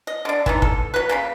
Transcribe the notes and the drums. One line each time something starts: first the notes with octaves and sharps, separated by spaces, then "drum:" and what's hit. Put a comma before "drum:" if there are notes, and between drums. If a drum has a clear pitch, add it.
D#5
D3 D4
E3 B3 D#4, drum: kick
A4, drum: kick
F#3 B4
C#3 A#3 B5